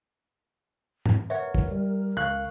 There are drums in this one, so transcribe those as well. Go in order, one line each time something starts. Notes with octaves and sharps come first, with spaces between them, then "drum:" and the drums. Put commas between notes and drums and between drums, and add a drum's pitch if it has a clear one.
drum: tom
A#4 B4 C#5 E5 F#5
drum: kick
G3
C#2 F5 C#6 F#6